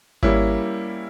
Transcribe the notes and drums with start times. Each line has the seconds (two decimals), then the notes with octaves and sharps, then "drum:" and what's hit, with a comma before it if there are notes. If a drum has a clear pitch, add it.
0.23 G3 A#3 C#4 E4, drum: kick G#1